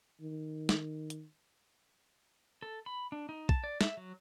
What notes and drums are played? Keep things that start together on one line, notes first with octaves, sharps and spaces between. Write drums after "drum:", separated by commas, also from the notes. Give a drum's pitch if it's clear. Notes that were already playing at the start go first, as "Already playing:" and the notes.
D#3
drum: snare
drum: hi-hat
A4
B5
D4
D#4
A5, drum: kick
D5
E5, drum: snare
F#3